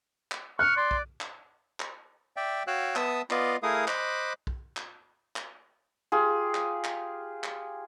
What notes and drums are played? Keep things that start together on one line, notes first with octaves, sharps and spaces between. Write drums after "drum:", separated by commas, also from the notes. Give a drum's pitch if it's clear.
drum: clap
C#6 F6 F#6
D5 C6
drum: kick B1
drum: clap
drum: clap
D5 E5 G5
F#4 C#5 F5 G5 E6 F#6
B3 E5 A5 D#6 E6, drum: clap
B3 F4 D5 D#5 F5, drum: clap
A3 E4 G#4 A#4 F5 D#6
C5 D#5 B5 D6 F#6, drum: clap
drum: kick B1
drum: clap
drum: clap
F4 G4 G#4
drum: clap
drum: clap
drum: clap